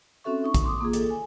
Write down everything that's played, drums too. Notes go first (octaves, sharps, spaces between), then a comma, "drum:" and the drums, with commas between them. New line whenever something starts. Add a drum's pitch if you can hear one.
C4 C#4 F#4 A4 E5 C#6
D#4 C#6
drum: kick A1, hi-hat
C6 D6 D#6
A#3 F4 G#4
A4, drum: hi-hat
G#5